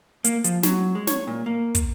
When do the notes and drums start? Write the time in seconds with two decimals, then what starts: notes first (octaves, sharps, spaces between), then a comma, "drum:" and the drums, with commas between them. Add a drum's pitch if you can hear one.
0.24 A#3, drum: hi-hat
0.44 F3, drum: hi-hat
0.63 F#3, drum: snare
0.95 G#3
1.07 C#5, drum: snare
1.27 A#2
1.46 A#3
1.75 drum: kick, hi-hat